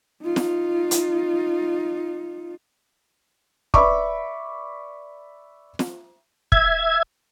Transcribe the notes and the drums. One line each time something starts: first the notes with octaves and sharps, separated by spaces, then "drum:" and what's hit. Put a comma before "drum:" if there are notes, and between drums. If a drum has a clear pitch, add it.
D#4 F4
drum: snare
drum: hi-hat
B4 D5 E5 B5 C#6 D6, drum: kick
drum: snare
E5 G#6, drum: kick